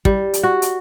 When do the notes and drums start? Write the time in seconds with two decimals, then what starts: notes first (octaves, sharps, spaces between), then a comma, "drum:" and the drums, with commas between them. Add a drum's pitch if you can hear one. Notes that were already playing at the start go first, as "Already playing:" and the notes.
0.05 G3, drum: kick
0.34 drum: hi-hat
0.43 F#4
0.62 drum: hi-hat